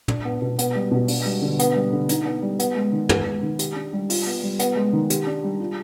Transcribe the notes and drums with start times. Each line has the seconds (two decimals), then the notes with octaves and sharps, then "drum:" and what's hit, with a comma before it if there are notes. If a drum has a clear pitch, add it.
0.08 D4, drum: tom
0.25 B3
0.42 B2
0.58 B3, drum: hi-hat
0.75 G3
0.91 B2
1.08 D4, drum: open hi-hat
1.26 G3
1.42 D3
1.59 B3, drum: hi-hat
1.76 G3
1.93 D3
2.09 D#4, drum: hi-hat
2.25 B3
2.42 G3
2.59 B3, drum: hi-hat
2.76 G#3
2.92 D#3
3.09 B3, drum: tom
3.26 G#3
3.43 D#3
3.59 G4, drum: hi-hat
3.76 D4
3.93 G3
4.10 F4, drum: open hi-hat
4.26 B3
4.43 G3
4.59 B3, drum: hi-hat
4.76 G#3
4.93 D#3
5.10 G4, drum: hi-hat
5.27 D4
5.44 G3
5.60 F4